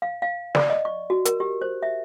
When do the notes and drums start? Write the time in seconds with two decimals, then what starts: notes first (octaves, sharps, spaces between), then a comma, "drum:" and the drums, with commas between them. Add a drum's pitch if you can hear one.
0.02 F5
0.22 F5
0.55 D5, drum: snare
0.70 D#5
0.85 C#6
1.10 F#4
1.25 A#4, drum: hi-hat
1.40 G4
1.62 C5
1.83 E5